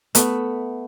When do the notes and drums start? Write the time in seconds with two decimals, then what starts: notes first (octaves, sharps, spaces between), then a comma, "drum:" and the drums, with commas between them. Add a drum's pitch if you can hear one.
0.15 A3 B3, drum: hi-hat